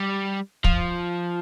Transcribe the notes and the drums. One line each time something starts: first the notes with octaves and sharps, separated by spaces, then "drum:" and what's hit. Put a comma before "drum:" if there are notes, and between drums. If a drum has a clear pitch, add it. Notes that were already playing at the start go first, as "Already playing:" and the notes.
Already playing: G3
F3, drum: kick